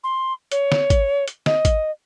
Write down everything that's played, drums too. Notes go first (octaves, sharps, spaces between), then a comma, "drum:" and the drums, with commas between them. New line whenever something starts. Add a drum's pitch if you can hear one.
C6
C#5, drum: hi-hat
drum: snare
drum: kick G#1, hi-hat
drum: hi-hat
D#5, drum: snare
drum: kick G#1, hi-hat